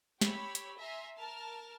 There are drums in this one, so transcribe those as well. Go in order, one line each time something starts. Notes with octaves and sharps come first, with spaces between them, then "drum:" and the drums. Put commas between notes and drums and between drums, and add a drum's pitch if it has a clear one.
G4 C#5 B5 E6, drum: snare
drum: hi-hat
E5 G#5 A#5 C6
A#4 A5 F6